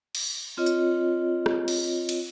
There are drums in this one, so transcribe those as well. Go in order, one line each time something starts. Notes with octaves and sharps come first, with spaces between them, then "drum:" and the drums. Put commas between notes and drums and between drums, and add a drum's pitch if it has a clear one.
drum: cymbal
C4 F4 C#5 D#5
drum: hi-hat
drum: rim click
drum: cymbal
drum: cymbal